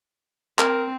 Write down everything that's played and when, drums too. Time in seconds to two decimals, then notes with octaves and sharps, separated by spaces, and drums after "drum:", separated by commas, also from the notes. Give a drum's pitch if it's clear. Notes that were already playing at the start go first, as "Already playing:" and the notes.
0.59 C4 A#4, drum: clap